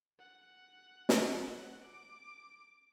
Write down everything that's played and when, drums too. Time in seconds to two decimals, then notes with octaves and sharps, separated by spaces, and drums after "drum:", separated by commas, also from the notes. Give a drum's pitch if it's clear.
0.19 F#5
1.09 drum: snare
1.83 D6